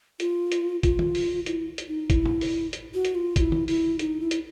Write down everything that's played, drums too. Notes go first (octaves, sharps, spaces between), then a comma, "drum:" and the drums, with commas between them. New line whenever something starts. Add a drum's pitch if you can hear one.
F4, drum: hi-hat
drum: hi-hat
F4, drum: kick, hi-hat
drum: tom D#3
drum: open hi-hat
E4, drum: hi-hat
drum: hi-hat
D#4
E4, drum: kick, hi-hat
drum: tom A2
drum: open hi-hat
drum: hi-hat
F#4
drum: hi-hat
F4
F4, drum: kick, hi-hat
E4
drum: tom D#3
E4, drum: open hi-hat
D#4, drum: hi-hat
E4
drum: hi-hat